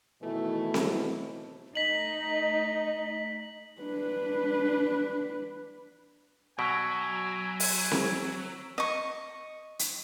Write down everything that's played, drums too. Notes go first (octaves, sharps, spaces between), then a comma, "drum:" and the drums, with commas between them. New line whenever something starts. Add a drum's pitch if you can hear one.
B2 D#3 E3 A3 E4
drum: snare C4
A3 D#4 D#5 B6 F#7
D4 B4
B2 F#3 G#5 E6 B6 D7
drum: open hi-hat
drum: snare C4
D#5 C#6
drum: hi-hat